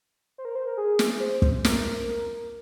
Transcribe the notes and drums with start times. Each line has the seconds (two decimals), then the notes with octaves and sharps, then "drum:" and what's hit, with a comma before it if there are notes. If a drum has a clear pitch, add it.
0.38 C5
0.45 A#4
0.55 C5
0.67 A#4
0.77 G#4
0.99 drum: snare
1.20 C5
1.42 C5, drum: kick
1.65 A#4, drum: snare